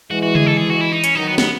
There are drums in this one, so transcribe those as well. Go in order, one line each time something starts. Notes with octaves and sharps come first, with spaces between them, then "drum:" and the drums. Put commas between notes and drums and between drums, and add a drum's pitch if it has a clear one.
E3 G#3 F#4
F#4
G#4, drum: tom C#3
A4
G#4
F#4
E4
D#4
C#4, drum: hi-hat
D#3 F#3 D#4
B3
B3, drum: snare